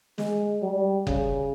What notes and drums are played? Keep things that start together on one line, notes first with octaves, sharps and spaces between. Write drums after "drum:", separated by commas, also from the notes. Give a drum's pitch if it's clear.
G#3, drum: snare
G3
C#3, drum: kick F#1